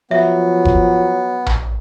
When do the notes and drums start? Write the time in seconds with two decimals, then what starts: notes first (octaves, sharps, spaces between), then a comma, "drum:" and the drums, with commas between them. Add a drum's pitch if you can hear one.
0.11 F3 F#3 B3 E5
0.65 drum: kick F1
1.46 drum: tom A#1